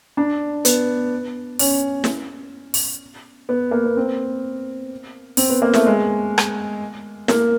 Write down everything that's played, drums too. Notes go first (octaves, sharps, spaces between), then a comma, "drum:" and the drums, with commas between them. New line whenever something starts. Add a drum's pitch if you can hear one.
D4
B3, drum: hi-hat
C#4, drum: open hi-hat
drum: snare
drum: open hi-hat
B3
A#3
B3
C4
C4, drum: open hi-hat
B3
A#3
A3, drum: snare
G#3
drum: rim click
A#3, drum: snare